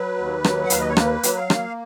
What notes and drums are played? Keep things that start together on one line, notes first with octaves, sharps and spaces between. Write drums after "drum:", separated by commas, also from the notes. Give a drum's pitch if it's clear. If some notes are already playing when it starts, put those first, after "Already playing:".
Already playing: F#3 B4
D#2
F#3, drum: rim click
F#5
D#2 F5, drum: hi-hat
D#5
C#5
A#3 B4, drum: rim click
F#3, drum: hi-hat
F5
A#3, drum: rim click